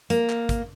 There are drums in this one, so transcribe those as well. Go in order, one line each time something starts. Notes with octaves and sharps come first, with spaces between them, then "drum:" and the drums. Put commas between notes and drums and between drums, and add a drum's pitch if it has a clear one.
A#3, drum: hi-hat
drum: clap
drum: kick, hi-hat